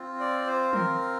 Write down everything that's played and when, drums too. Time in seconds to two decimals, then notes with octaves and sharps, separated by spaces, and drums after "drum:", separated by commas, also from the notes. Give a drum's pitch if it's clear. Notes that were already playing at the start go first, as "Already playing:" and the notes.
Already playing: C4 F4
0.20 D5
0.46 C5
0.73 C4 F4 A#4, drum: tom